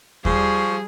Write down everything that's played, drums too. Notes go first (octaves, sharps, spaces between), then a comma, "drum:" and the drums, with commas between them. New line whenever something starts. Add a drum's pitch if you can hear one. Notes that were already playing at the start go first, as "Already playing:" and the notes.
F3 G3 G#4 C#6, drum: kick D#2